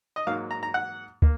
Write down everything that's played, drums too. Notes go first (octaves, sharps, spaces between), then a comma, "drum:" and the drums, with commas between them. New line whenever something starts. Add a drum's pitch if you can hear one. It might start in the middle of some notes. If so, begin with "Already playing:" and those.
D#5
G#2 F#3 A#3 F5
A#5
A#5
F#5
A#3, drum: kick